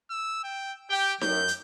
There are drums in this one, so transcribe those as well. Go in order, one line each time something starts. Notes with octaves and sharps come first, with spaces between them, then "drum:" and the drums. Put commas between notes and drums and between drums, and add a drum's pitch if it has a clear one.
E6
G5
G4 G5
F#2 G6, drum: snare D#4
drum: hi-hat